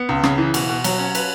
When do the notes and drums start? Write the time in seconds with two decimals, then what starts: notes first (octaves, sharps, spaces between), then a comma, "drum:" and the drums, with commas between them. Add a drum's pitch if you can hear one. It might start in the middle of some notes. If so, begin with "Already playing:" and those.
Already playing: B3
0.09 C#2
0.23 C#3, drum: rim click
0.38 E3
0.54 B2, drum: cymbal
0.69 B2
0.84 F#3, drum: cymbal
0.99 C#4
1.15 B4, drum: cymbal